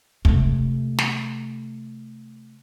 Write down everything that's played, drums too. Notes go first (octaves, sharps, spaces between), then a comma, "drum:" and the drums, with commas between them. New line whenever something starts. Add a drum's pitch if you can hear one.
C3 A3, drum: kick
drum: snare